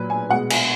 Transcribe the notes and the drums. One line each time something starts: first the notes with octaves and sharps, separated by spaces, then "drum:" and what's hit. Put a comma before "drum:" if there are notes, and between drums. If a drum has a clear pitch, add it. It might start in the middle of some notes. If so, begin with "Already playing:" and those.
Already playing: A#2 F#3 A#3 B4
G#5
B2 G#3 B3 F#5
G#5, drum: cymbal